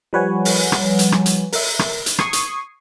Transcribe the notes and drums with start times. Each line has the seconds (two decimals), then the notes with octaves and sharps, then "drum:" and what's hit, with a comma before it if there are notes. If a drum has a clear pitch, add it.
0.13 F3 G3 B4 C#5 F#5 G#5
0.45 drum: open hi-hat
0.72 drum: rim click
0.99 drum: hi-hat
1.12 drum: rim click
1.26 drum: hi-hat
1.52 A#4 E5, drum: open hi-hat
1.79 drum: rim click
2.06 drum: hi-hat
2.19 C#6 D#6 G#6 C7, drum: rim click
2.33 drum: hi-hat